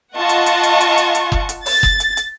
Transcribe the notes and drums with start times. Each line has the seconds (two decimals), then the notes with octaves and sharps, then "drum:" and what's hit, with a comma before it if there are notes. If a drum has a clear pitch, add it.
0.16 F4 D#5 F#5 A5 C#6
0.29 drum: hi-hat
0.46 drum: hi-hat
0.63 drum: hi-hat
0.80 drum: hi-hat
0.98 drum: hi-hat
1.15 drum: hi-hat
1.32 drum: kick F#1
1.49 drum: hi-hat
1.66 A6, drum: open hi-hat
1.83 drum: kick F#1
2.00 drum: hi-hat
2.17 drum: hi-hat